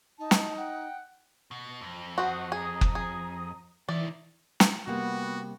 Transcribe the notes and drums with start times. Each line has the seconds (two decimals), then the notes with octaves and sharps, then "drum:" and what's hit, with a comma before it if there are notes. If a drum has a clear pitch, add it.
0.19 D#4 A5
0.31 drum: snare
0.58 F#5 G5
1.51 B2
1.81 F2
2.18 F#4 C5 F#5 C#6 D#6
2.52 G#4 A#5 D#6
2.81 drum: kick F#1
2.95 G#4
3.89 D#3 E3 E4 D5
4.60 drum: snare
4.87 C3 G3 A#3 B3 F#4